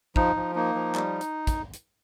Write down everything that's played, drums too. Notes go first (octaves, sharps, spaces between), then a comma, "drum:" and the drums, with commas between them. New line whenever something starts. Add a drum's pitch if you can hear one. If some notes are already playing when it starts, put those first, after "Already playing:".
F3 D#4, drum: kick
F3
A#3 D#4
F3
G3, drum: clap
drum: hi-hat
drum: kick, hi-hat
drum: hi-hat